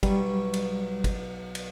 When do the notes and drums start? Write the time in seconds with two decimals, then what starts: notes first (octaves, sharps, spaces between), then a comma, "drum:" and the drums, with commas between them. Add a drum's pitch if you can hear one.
0.03 B1 G3 C#6, drum: kick, cymbal
0.53 drum: cymbal
1.04 drum: kick, cymbal
1.55 drum: cymbal